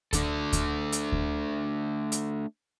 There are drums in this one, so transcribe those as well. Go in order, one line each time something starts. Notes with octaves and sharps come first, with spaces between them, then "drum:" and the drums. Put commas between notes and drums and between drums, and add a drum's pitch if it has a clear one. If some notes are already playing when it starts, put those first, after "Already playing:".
A3 D4 A4, drum: kick D2, hi-hat
drum: kick D2, hi-hat
drum: hi-hat
drum: kick D2
drum: hi-hat